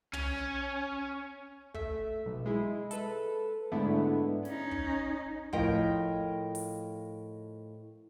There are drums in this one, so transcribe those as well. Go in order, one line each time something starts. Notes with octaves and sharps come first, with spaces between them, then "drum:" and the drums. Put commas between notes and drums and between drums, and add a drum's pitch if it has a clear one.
C#4, drum: tom
A3 E5, drum: kick
B1
G#3 E4
A4 B4, drum: hi-hat
G#2 D3 A3 B3 D4 E4
C#4 D#4, drum: snare
drum: kick
A2 F3 A#4 D#5 G5, drum: kick
drum: open hi-hat